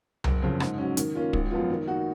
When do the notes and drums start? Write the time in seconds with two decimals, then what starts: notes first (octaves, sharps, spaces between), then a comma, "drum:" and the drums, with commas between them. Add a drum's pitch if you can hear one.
0.24 F#1, drum: tom C2
0.42 F2 C#3
0.60 G#2, drum: rim click
0.78 F#3 C#4
0.97 D#3, drum: hi-hat
1.15 A#3 C#4 F4
1.33 G#1, drum: kick
1.51 F#2 F3 B3 F4
1.70 D#3
1.87 A#3 D#4 F#4